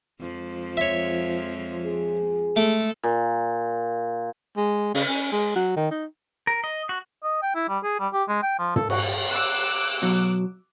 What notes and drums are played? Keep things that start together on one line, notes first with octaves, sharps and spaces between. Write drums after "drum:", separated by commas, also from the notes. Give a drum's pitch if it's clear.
F2 F3 G#3
C#5 E5
G#4
G#3 A3 A4 D6
A#2
G#3
C#3, drum: open hi-hat
C#4
G#3
F#3
D#3
D#4
A#4
D#5
F#4
D#5
G5
E4
G3
G#4
G3
G4
G#3
G5
F3
A4, drum: tom
F#4, drum: cymbal
D6 E6 F#6
B2 F#3